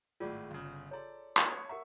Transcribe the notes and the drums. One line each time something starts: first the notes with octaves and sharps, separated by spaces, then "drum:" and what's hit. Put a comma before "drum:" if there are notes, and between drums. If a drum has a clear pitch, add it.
G#1 A2 F4 G#4 D5
G1 C#3
A4 C#5 D5 A#5 C6
drum: clap
C#5
A#4 E5 F#5 A#5 C#6